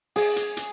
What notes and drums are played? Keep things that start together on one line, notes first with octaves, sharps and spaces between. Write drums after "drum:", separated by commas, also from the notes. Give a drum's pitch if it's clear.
G#4, drum: open hi-hat
drum: hi-hat
drum: hi-hat